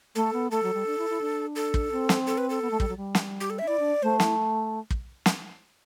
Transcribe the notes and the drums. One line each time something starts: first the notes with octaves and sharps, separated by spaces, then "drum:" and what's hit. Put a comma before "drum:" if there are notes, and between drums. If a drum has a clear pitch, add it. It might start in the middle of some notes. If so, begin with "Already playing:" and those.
A3 A4
B3
A3 A4
F#3
G3
D4
E4
E4
D4
A4
drum: kick
C4
drum: snare
A4
B4
A4
B3
A3
G3, drum: kick
F#3
G3
drum: snare
G4
A4
E5
D4
E4 D5
D4
A3 C5
E4, drum: snare
drum: kick
drum: snare